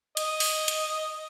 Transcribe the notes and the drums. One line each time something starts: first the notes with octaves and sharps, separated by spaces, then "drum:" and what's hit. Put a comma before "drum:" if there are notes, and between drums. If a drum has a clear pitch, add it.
D#5, drum: hi-hat
drum: open hi-hat
drum: hi-hat